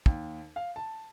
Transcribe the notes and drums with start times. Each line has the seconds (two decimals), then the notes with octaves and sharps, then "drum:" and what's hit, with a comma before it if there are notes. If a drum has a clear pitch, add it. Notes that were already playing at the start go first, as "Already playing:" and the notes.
0.06 D#2, drum: kick
0.56 F5
0.76 A5